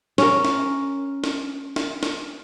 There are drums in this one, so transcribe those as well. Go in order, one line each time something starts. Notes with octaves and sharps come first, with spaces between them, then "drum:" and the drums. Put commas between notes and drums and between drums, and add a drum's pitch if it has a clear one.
C#4 A#4, drum: snare
drum: snare
drum: snare
drum: snare
drum: snare